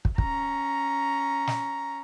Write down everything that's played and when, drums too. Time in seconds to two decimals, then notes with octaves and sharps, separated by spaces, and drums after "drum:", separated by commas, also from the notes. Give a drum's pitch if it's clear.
0.05 drum: kick
0.18 C#4 A#5, drum: kick
1.47 drum: snare